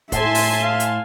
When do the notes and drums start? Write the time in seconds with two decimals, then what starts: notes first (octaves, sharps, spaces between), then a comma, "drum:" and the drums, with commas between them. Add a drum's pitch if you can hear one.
0.12 A2 E5 G#5 A5 C6, drum: kick, hi-hat
0.35 drum: open hi-hat
0.63 F5
0.80 drum: hi-hat